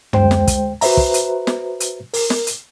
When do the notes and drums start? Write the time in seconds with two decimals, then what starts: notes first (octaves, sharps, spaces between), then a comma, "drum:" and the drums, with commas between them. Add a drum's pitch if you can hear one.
0.13 D2 G#3 C5 G5, drum: tom
0.31 drum: snare
0.47 drum: kick, hi-hat
0.81 F#4 B4 C5 E5 A#5, drum: open hi-hat
0.97 drum: kick
1.14 drum: hi-hat
1.47 drum: snare
1.80 drum: hi-hat
2.14 A#4, drum: open hi-hat
2.30 drum: snare
2.47 drum: hi-hat